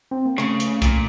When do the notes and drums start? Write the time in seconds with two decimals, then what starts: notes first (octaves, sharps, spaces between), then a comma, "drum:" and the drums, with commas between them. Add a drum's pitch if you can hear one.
0.11 C4
0.26 A#3
0.38 C#3 A3, drum: rim click
0.60 drum: hi-hat
0.82 A#2, drum: kick, hi-hat